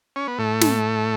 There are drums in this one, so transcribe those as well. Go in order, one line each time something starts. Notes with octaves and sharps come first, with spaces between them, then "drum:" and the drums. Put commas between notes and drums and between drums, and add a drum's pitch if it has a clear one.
C#4
B3
A2 A3
drum: snare